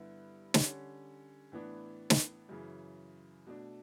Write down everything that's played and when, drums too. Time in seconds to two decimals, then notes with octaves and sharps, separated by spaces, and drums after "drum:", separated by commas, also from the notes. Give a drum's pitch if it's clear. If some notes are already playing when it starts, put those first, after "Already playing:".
Already playing: G2 D3 G3 B3 E4
0.54 D3 G3 C#4, drum: snare
1.52 A2 E3 B3 D4
2.10 drum: snare
2.49 F#2 C#3 E3
3.46 B2 A3 D4